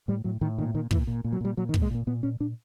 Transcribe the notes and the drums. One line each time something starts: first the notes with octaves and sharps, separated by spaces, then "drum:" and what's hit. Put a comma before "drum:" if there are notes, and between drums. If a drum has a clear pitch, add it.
A2 G3
A2 F#3
A2 D#3
A#2 D#3
A#2 D#3
A#2 E3, drum: kick
A#2
A#2
F#3
A#2 G3
A#2 F#3
D#3
A#2, drum: kick
G#3
A#2 A#3
A#2 B3
A#2 C#4
A#2 D4